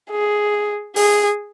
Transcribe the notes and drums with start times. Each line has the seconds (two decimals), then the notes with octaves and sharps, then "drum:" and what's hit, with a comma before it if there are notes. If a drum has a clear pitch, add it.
0.11 G#4
0.96 G#4, drum: open hi-hat